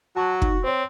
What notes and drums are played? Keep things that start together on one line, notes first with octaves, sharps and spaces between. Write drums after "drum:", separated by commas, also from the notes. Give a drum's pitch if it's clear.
F#3 F#4 A5
D#4, drum: kick
C4 C5 C#5